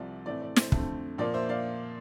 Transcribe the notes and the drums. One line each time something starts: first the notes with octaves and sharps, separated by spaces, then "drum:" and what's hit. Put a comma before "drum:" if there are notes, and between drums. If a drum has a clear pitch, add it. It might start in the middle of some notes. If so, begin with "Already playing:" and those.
Already playing: C2 C3 F3 D5
A2 E3 A3 C4 D5
D5
C5, drum: snare
F2 D3 A3 C4, drum: kick
A#2 F3 A#3 D5
C5 E5
D5 F5